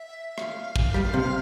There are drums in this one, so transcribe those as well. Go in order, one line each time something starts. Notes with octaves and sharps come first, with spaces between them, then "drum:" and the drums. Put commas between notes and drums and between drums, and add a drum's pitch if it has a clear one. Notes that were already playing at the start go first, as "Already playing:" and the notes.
Already playing: E5
F5, drum: rim click
drum: kick
G3, drum: rim click
C3